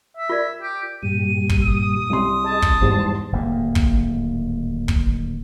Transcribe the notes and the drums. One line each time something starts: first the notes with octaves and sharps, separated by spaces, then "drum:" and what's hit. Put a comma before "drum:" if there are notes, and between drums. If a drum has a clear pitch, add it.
E5
F4 A#4 D5
G4
G2 A#2 G3 D#7
drum: kick
D#6
C2 C#4 C6
G#4 D#5 A5
drum: kick
E2 G#2 G3 C5
D1 D#2 G#2 A#3
drum: kick
drum: kick